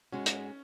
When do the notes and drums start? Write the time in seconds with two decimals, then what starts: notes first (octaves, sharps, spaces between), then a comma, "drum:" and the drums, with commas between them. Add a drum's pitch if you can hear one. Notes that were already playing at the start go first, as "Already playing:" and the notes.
0.12 G#2 G#3 C#4 F#4
0.26 drum: hi-hat